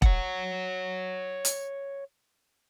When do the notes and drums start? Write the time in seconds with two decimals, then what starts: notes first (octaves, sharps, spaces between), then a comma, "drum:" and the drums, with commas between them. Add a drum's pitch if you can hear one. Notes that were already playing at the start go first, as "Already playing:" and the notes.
0.02 C#5 F#5, drum: kick E1
1.45 drum: hi-hat